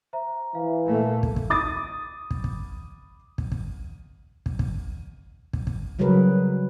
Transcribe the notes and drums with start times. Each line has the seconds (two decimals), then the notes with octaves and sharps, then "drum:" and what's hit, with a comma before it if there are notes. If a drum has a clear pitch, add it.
0.13 C5 E5 A#5
0.55 E3 F5
0.85 A#2 A3 A#3
1.23 drum: kick
1.36 drum: kick
1.50 B5 D6 D#6 A6
2.31 drum: kick
2.44 drum: kick
3.38 drum: kick
3.52 drum: kick
4.46 drum: kick
4.59 drum: kick
5.53 drum: kick
5.67 drum: kick
5.99 C#3 F#3 G3 G#4 A#4 B4